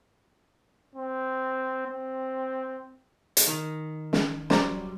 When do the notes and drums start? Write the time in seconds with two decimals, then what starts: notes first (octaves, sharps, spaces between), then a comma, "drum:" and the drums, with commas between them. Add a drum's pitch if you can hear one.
0.96 C4
1.87 C4
3.37 drum: hi-hat
3.47 D#3
4.13 drum: snare
4.50 F#3 G3 C5 D5 A#5, drum: snare